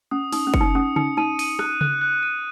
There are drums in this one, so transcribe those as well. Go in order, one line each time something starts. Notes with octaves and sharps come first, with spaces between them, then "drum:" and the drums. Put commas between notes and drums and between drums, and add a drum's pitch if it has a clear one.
C#4 D#6
D#4 D#6, drum: open hi-hat
C#4
C#7, drum: kick
D#4
C#4 D#6
D#4 C#7, drum: tom C#3
D#4 D#7
D#7, drum: open hi-hat
F#6, drum: rim click
F#6, drum: tom C#3
F#6
D#7